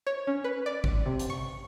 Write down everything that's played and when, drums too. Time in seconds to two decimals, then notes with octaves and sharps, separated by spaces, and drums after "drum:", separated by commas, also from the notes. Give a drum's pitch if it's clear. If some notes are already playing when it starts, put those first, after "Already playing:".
0.07 C#5
0.27 C#4
0.44 B4
0.66 D5
0.84 drum: kick A1
1.06 C3
1.20 drum: hi-hat
1.30 C#6